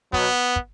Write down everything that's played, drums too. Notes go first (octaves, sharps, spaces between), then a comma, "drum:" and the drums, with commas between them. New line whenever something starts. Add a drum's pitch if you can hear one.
B2 F#3 B3, drum: kick
drum: kick